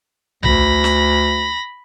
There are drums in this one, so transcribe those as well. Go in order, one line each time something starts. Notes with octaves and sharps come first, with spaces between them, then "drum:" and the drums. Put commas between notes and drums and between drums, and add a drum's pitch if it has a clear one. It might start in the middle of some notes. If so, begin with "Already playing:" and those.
D2 B5 A#6, drum: tom B1
drum: snare